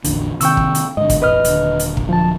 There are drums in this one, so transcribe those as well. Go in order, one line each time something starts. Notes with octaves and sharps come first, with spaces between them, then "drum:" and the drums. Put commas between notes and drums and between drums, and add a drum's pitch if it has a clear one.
A1 E2 D3, drum: hi-hat
C3 D#3 G5 C#6 E6, drum: hi-hat
drum: kick
drum: hi-hat
G#2 D3 D#5
drum: kick, hi-hat
E1 A1 B4 D#5 F6
D#1 D3, drum: hi-hat
drum: hi-hat
drum: kick
F3 A5